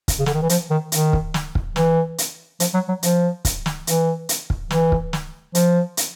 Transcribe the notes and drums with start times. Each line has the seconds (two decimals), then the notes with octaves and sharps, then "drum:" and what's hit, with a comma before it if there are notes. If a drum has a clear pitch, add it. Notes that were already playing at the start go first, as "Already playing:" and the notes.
0.08 drum: kick, hi-hat
0.19 C#3
0.26 D3, drum: snare
0.34 D#3
0.42 E3
0.49 F3, drum: hi-hat
0.70 D#3
0.92 D#3, drum: hi-hat
1.13 drum: kick
1.34 drum: snare
1.55 drum: kick
1.76 E3, drum: snare
2.18 drum: hi-hat
2.60 F3, drum: hi-hat
2.74 F#3
2.88 F#3
3.03 F3, drum: hi-hat
3.45 drum: kick, hi-hat
3.66 drum: snare
3.87 E3, drum: hi-hat
4.29 drum: hi-hat
4.50 drum: kick
4.71 E3, drum: snare
4.92 drum: kick
5.13 drum: snare
5.55 F3, drum: hi-hat
5.97 drum: hi-hat